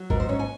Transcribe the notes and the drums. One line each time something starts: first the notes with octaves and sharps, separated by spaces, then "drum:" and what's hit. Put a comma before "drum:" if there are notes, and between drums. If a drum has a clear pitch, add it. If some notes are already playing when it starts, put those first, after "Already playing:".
Already playing: F#3
G#2 A#4, drum: kick
C5
C#4 C#5
G#5